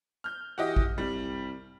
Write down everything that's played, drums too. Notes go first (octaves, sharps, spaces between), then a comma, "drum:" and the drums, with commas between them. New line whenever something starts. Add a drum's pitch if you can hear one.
F6 G6
E3 F#4 G4 D#5
drum: kick A1
C2 G3